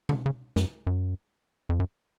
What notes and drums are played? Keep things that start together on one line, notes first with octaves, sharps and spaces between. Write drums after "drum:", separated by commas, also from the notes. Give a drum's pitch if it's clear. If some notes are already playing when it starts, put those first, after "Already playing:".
D3, drum: tom B2
C#3
F#2, drum: snare
F#2
F2
F#2